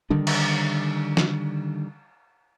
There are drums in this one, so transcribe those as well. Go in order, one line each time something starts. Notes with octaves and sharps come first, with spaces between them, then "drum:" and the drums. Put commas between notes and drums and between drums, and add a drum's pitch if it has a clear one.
D3 D#3 G3 D4
drum: cymbal
drum: snare